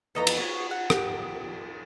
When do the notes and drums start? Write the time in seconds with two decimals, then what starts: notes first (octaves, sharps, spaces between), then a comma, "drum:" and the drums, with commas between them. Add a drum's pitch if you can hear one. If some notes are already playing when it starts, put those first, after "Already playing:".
0.15 F2 E3 B3 A4 D#5 A#5
0.27 drum: cymbal
0.37 B3 F#4 C#5
0.71 F#5
0.90 G4, drum: rim click